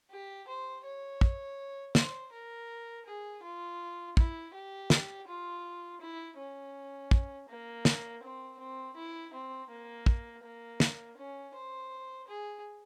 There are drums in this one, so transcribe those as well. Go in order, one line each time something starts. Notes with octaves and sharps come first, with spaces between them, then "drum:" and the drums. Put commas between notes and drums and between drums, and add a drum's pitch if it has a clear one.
G4
C5
C#5
drum: kick
C5, drum: snare
A#4
G#4
F4
E4, drum: kick
G4
drum: snare
F4
E4
C#4
drum: kick
A#3
drum: snare
C4
C4
E4
C4
A#3
drum: kick
A#3
drum: snare
C#4
C5
G#4